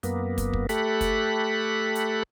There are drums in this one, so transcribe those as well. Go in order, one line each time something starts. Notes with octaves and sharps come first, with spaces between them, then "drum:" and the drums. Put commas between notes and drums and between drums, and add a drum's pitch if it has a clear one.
F#2 A#3 B3, drum: hi-hat
drum: kick, hi-hat
drum: kick
A3 G4 A4 B5 F#6, drum: hi-hat
drum: kick, hi-hat
drum: hi-hat